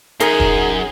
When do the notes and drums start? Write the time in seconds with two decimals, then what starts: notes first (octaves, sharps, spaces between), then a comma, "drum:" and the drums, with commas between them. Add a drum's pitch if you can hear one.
0.20 F#2 D#4 G#4 A#4, drum: hi-hat
0.40 drum: kick